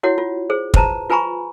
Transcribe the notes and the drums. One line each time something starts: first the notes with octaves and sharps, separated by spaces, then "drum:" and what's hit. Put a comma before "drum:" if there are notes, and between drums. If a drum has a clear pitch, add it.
E4 F#4 C#5 F#5
F4
G#4 C5
B4 C5 A5 A#5, drum: kick
F4 B4 G#5 A#5 B5 C#6